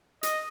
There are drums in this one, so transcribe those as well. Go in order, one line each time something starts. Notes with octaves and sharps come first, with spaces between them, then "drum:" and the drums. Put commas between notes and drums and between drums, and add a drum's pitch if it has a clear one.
D#5, drum: hi-hat